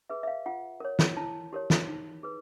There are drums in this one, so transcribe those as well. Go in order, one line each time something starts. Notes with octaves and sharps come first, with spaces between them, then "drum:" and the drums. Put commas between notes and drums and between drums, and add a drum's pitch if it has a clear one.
G#4 B4 E5
E5
F5
F4 F#5
A#4 C#5
drum: snare
E4 A5
G4 A#4 C#5
drum: snare
D#4
G#4 B4